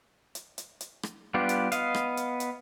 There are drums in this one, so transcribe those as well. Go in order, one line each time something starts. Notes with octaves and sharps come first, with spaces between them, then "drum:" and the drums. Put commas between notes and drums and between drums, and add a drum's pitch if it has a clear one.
drum: hi-hat
drum: hi-hat
drum: hi-hat
drum: rim click
G3 B3 D4 F4 G4
drum: hi-hat
B3 D#5 F5, drum: hi-hat
drum: rim click
drum: hi-hat
drum: hi-hat